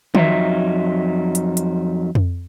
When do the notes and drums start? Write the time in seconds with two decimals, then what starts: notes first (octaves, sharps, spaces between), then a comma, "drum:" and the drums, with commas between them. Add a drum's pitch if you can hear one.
0.15 F2 F#3 D#4 E5, drum: tom D#3
1.35 drum: hi-hat
1.57 drum: hi-hat
2.15 drum: tom F2